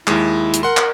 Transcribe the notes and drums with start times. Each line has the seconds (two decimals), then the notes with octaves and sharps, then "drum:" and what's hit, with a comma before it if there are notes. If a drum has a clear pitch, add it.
0.07 D#2 G#3 E4, drum: clap
0.54 drum: hi-hat
0.63 A#4 F#5 C6
0.77 drum: clap